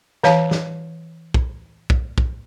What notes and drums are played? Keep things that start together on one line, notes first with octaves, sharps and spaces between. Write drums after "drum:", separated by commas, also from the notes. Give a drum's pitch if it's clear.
E3 C#5 F5 A5, drum: snare
drum: snare
drum: kick
drum: kick
drum: kick